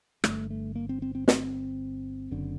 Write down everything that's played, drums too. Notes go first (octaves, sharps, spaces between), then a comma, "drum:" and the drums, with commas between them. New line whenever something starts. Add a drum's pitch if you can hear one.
G1 G2 D3 A3, drum: rim click
A3
A#3
C4
C4
C4
C4, drum: snare
F#1 F#2 D3